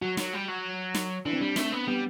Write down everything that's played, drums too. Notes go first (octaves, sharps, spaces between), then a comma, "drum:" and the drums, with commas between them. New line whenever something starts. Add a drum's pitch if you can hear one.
F#3 F#4
F#3, drum: snare
G3
F#3
drum: snare
E3 D4
C4
G3 D4
A3 C4, drum: snare
B3
G3 B3